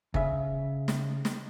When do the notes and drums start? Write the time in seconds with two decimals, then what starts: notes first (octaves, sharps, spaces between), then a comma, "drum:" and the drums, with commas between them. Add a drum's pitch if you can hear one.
0.14 C#3 E5, drum: kick
0.88 drum: snare
1.25 drum: snare